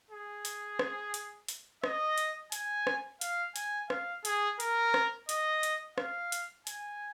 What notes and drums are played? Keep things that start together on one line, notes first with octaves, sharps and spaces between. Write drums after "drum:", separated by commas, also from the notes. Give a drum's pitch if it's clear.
G#4
drum: hi-hat
drum: rim click
drum: hi-hat
drum: hi-hat
D#5, drum: rim click
drum: hi-hat
G#5, drum: hi-hat
drum: rim click
F5, drum: hi-hat
G#5, drum: hi-hat
F5, drum: rim click
G#4, drum: hi-hat
A#4, drum: hi-hat
drum: rim click
D#5, drum: hi-hat
drum: hi-hat
F5, drum: rim click
drum: hi-hat
G#5, drum: hi-hat